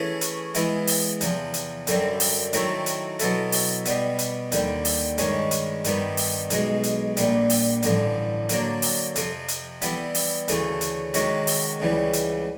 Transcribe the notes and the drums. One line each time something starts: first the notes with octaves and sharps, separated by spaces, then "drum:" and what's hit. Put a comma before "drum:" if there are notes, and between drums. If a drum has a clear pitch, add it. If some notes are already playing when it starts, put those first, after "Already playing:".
Already playing: E3 A3 C#4 E4 G#4
drum: hi-hat
E3 G#3 B3 E4, drum: hi-hat
drum: open hi-hat
E2 C3 F3, drum: hi-hat
drum: hi-hat
F#2 D3 G3 C4, drum: hi-hat
drum: open hi-hat
D#3 F#3 A3 C4 E4, drum: hi-hat
drum: hi-hat
B2 F#3 B3 E4 A4, drum: hi-hat
drum: open hi-hat
B2 G3 B3, drum: hi-hat
drum: hi-hat
D#2 D3 G3, drum: hi-hat
drum: open hi-hat
G2 D#3 G#3 C#4, drum: hi-hat
drum: hi-hat
G2 D#3 G3 B3, drum: hi-hat
drum: open hi-hat
B1 B2 G#3, drum: hi-hat
drum: hi-hat
A#1 A#2 G3, drum: hi-hat
drum: open hi-hat
A1 G2 D3 F3, drum: hi-hat
D3 F#3 A#3 D4, drum: hi-hat
drum: open hi-hat
F2 C3 F3, drum: hi-hat
drum: hi-hat
E3 G3 B3 E4, drum: hi-hat
drum: open hi-hat
D2 C#3 E3 A3, drum: hi-hat
drum: hi-hat
C3 D#3 G#3 C#4 F#4, drum: hi-hat
drum: open hi-hat
C#2 C#3 E3 G3
drum: hi-hat